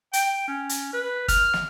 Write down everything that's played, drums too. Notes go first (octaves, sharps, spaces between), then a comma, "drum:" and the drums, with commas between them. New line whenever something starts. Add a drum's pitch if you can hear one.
G5, drum: hi-hat
C#4
drum: hi-hat
B4
F6, drum: kick, hi-hat
drum: snare